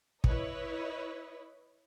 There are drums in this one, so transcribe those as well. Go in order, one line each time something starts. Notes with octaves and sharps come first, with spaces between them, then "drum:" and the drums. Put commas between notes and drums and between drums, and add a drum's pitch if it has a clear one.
E4 B4 C#5 D#5, drum: kick